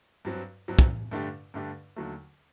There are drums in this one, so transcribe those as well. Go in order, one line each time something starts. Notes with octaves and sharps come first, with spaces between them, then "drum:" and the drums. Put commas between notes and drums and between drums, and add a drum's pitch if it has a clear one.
G2 F#3 C4
G2 F#3 C4
drum: kick
G2 D3 A3 D4 G4
G2 D3 A3 D4 G4
D#2 D3 F#3 A3